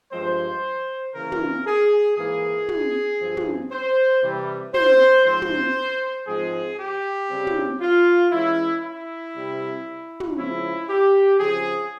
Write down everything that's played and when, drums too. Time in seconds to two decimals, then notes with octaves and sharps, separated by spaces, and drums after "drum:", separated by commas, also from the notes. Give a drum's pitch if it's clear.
0.12 G2 F3 G#3 C5
1.14 C#3 E3 A#3 C#4 A#4
1.32 drum: tom
1.66 G#4
2.17 G#2 E3 A#3 G#4
2.69 drum: tom
3.20 G2 F3 C4
3.37 drum: tom
3.71 C5
4.23 C3 E3 G3
4.74 C5, drum: tom
5.25 G#2 F3 C4 C5
5.42 drum: tom
6.27 G#2 F3 G#3 C4 G#4
6.79 G4
7.30 C#3 G3 C4
7.47 drum: tom
7.80 F4
8.32 E3 G#3 C#4 E4
8.83 E4
9.35 C3 G3 C4
10.20 drum: tom
10.37 C#3 F3 G#3 C#4 E4
10.88 G4
11.39 C#3 F3 C4 G#4